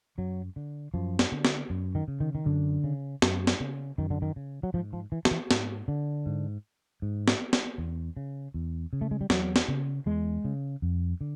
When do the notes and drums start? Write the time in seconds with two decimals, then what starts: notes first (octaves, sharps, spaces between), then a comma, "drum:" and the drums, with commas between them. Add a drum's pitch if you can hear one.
0.18 F#2 F#3
0.56 D3
0.94 F#2 F3
1.19 drum: snare
1.32 D3
1.45 drum: snare
1.70 F#2
1.95 D#3
2.08 C#3
2.20 D#3
2.35 D#3
2.46 F#2 D3
2.84 C#3
3.22 F#2, drum: snare
3.47 drum: snare
3.60 C#3
3.98 F#2 D#3
4.10 D3
4.22 D#3
4.36 C#3
4.63 F#3
4.74 G#2 F3
4.93 F3
5.12 E3
5.25 F3, drum: snare
5.31 E3
5.51 G#2, drum: snare
5.88 D3
6.26 G#2
7.02 G#2
7.28 drum: snare
7.53 drum: snare
7.78 E2
8.17 C#3
8.54 E2
8.93 C#3
9.01 A3
9.11 G#3
9.21 G3
9.30 E2 F#3, drum: snare
9.56 drum: snare
9.68 C#3
10.06 E2 G#3
10.45 C#3
10.82 F2
11.21 D3